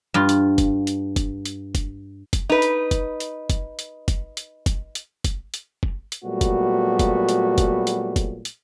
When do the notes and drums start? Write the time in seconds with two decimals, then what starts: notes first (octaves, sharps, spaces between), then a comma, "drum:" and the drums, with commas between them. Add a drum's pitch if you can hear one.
0.14 G2 F4
0.29 drum: hi-hat
0.58 drum: kick, hi-hat
0.87 drum: hi-hat
1.16 drum: kick, hi-hat
1.45 drum: hi-hat
1.75 drum: kick, hi-hat
2.33 drum: kick, hi-hat
2.50 D#4 B4
2.62 drum: hi-hat
2.91 drum: kick, hi-hat
3.20 drum: hi-hat
3.50 drum: kick, hi-hat
3.79 drum: hi-hat
4.08 drum: kick, hi-hat
4.37 drum: hi-hat
4.66 drum: kick, hi-hat
4.95 drum: hi-hat
5.24 drum: kick, hi-hat
5.54 drum: hi-hat
5.83 drum: kick
6.12 drum: hi-hat
6.25 A#2 F#3 G3 A3 B3 F#4
6.41 drum: kick, hi-hat
6.99 drum: kick, hi-hat
7.29 drum: hi-hat
7.58 drum: kick, hi-hat
7.87 drum: hi-hat
8.16 drum: kick, hi-hat
8.45 drum: hi-hat